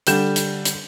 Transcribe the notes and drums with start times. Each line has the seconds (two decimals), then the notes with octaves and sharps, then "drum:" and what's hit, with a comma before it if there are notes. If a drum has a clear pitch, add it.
0.07 D3 G3 G6 E7, drum: hi-hat
0.36 drum: hi-hat
0.65 drum: hi-hat